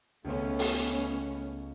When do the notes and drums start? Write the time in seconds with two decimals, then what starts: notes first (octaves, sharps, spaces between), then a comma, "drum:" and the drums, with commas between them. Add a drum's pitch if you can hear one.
0.24 C#2 A3 B3 C#4
0.59 drum: open hi-hat